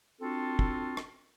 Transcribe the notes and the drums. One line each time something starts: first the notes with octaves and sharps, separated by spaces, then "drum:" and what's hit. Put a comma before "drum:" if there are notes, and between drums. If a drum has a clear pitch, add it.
C4 D4 F4 F#4 A4
drum: kick
drum: rim click